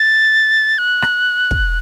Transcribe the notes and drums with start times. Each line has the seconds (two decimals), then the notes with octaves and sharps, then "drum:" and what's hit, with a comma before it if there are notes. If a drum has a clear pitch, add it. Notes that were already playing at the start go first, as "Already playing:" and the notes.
Already playing: A6
0.78 F#6
1.02 drum: rim click
1.51 drum: kick